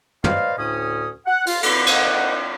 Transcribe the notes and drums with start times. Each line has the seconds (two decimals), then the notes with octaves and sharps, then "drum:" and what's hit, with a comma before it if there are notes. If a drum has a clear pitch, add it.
0.24 B4 C5 D5 D#5 F5, drum: tom
0.58 D2 A2 C#4 D#6
1.26 F#5
1.46 F4, drum: open hi-hat
1.63 F#4 A4 B4, drum: cymbal
1.86 A#3 D#4 C5 D#5 F#5, drum: cymbal